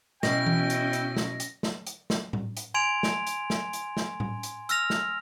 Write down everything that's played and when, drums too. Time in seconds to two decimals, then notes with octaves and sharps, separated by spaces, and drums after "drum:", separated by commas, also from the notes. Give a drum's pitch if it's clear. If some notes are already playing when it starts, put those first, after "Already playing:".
0.23 B2 C#4 E4 G5 A#6, drum: snare
0.46 drum: tom E3
0.70 drum: hi-hat
0.93 drum: hi-hat
1.17 drum: snare
1.40 drum: hi-hat
1.63 drum: snare
1.87 drum: hi-hat
2.10 drum: snare
2.33 drum: tom A2
2.57 drum: hi-hat
2.74 G#5 C6 G#6 D7 F7
3.03 drum: snare
3.27 drum: hi-hat
3.50 drum: snare
3.73 drum: hi-hat
3.97 drum: snare
4.20 drum: tom A2
4.43 drum: hi-hat
4.69 E6 F6 A#6 F7, drum: hi-hat
4.90 drum: snare